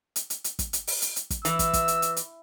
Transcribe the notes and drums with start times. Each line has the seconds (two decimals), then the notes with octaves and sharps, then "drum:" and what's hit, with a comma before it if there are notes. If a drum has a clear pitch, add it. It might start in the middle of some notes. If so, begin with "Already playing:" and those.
0.16 drum: hi-hat
0.30 drum: hi-hat
0.44 drum: hi-hat
0.59 drum: kick, hi-hat
0.73 drum: hi-hat
0.87 drum: open hi-hat
1.02 drum: hi-hat
1.16 drum: hi-hat
1.30 drum: kick, hi-hat
1.45 E3 E6, drum: hi-hat
1.59 drum: kick, hi-hat
1.73 drum: kick, hi-hat
1.88 drum: hi-hat
2.02 drum: hi-hat
2.17 drum: hi-hat